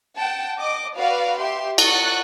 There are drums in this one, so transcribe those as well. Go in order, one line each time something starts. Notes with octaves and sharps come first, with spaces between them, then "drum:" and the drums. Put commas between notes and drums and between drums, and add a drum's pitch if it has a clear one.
F#5 G5 A5
D#5 D6
F#4 B4 D5 F5
G4 E5 C6
F#5 C#6 F#6 A6, drum: cymbal